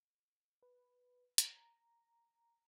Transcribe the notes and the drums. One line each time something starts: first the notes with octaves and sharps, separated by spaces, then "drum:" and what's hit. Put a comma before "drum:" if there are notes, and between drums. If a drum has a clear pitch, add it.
B4
A#5, drum: hi-hat